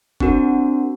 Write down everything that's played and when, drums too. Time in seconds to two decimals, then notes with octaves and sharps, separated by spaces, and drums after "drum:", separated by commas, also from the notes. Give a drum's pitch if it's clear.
0.20 C4 D4 F#4 A#4, drum: kick F#1